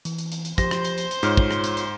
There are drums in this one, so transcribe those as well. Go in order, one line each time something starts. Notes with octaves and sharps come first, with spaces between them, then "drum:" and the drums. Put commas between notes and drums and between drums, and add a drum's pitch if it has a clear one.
E3, drum: hi-hat
drum: hi-hat
drum: hi-hat
drum: hi-hat
F3 G4 C5 C6 A#6, drum: kick, hi-hat
drum: rim click
drum: hi-hat
drum: hi-hat
drum: hi-hat
G#2 F4 C#5 F6, drum: hi-hat
drum: kick
drum: rim click
drum: hi-hat
drum: hi-hat